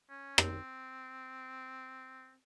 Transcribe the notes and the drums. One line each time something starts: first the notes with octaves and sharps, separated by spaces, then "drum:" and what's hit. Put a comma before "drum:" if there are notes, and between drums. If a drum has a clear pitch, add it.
C#4
C4, drum: rim click